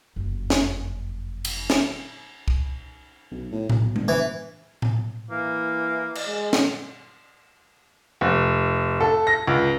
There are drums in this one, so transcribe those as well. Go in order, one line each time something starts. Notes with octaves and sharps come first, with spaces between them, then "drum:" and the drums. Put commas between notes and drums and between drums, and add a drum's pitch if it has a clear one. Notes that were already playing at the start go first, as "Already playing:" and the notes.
F#1 F2
drum: snare
drum: cymbal
drum: snare
drum: kick
B1
A2
B1, drum: tom A2
G1, drum: tom G#3
E3
drum: tom A2
E3 A#3
drum: cymbal
G#3
drum: snare
F1
A4
A#6
C#2